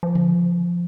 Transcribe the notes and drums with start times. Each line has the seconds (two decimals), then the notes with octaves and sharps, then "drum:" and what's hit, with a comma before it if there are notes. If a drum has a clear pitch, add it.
0.03 F3
0.15 drum: tom C#3